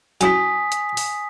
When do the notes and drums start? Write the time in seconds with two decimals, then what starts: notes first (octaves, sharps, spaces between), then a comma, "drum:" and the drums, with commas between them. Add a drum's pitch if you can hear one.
0.21 F#3 C#4 E4 G#5 D#6 B6, drum: hi-hat
0.72 drum: hi-hat
0.97 drum: open hi-hat